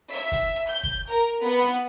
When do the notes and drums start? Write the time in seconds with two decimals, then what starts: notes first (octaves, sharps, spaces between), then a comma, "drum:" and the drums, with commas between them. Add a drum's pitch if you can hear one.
0.13 E5
0.32 drum: kick, hi-hat
0.70 G6
0.83 drum: kick
1.09 A#4
1.44 B3
1.61 drum: hi-hat